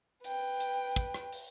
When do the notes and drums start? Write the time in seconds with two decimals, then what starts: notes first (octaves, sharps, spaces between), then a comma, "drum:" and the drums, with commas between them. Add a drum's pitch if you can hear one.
0.24 B4 G5, drum: hi-hat
0.60 drum: hi-hat
0.96 drum: kick, hi-hat
1.14 drum: rim click
1.32 drum: open hi-hat